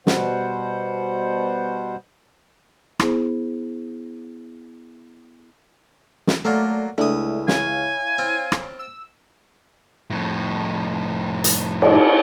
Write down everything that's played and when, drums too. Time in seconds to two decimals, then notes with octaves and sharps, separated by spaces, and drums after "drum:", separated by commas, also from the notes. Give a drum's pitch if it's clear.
0.07 B2 G3 C5 F#5, drum: snare
3.00 B3 E4 G#4 C5, drum: rim click
6.27 drum: snare
6.45 F#3 A3 A#3 F4 A4 D5
6.98 C#2 A3 D4 E4 D#6
7.48 C#5 F5 G#5, drum: snare
8.18 C4 F4
8.52 drum: rim click
8.79 E6
10.10 F2 A2
11.44 drum: hi-hat
11.82 drum: cymbal